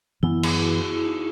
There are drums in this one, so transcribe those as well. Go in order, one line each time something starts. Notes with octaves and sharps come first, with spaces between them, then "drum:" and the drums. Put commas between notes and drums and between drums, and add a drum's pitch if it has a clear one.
F#2 E3 B3 E4
G#4, drum: cymbal
F#4
E4
E4
D#4